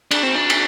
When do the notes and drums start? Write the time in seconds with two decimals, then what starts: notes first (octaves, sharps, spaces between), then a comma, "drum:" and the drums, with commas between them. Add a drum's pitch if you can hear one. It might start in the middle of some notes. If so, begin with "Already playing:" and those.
0.11 D4, drum: cymbal
0.23 C4
0.35 D4
0.50 drum: cymbal